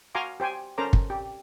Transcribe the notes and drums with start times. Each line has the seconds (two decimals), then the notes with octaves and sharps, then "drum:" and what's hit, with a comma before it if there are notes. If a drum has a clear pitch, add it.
0.15 F#4 F5 G#5 A#5 C6 D6
0.40 G4 C5 G5 G#5
0.78 C#4 A4 A#4 C5 A#5 D6
0.93 drum: kick
1.10 G4